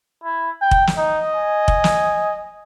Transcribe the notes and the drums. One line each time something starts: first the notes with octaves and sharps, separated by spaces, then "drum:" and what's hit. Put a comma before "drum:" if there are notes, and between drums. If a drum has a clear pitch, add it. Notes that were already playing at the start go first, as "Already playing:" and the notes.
E4
G5
drum: kick F1
drum: snare
D#4 D#5
G#5
drum: kick F1
drum: snare